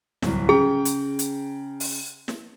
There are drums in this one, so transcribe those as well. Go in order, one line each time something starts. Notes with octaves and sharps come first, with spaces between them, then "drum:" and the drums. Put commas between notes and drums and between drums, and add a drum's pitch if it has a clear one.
D1 C2, drum: snare
C#3 G#4 G5 A#5
drum: hi-hat
drum: hi-hat
drum: open hi-hat
drum: snare